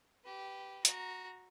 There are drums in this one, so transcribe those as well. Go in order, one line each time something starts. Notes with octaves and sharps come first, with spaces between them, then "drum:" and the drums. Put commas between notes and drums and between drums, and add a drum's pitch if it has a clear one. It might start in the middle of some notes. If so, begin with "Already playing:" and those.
G4 B4
F#4 A#5, drum: hi-hat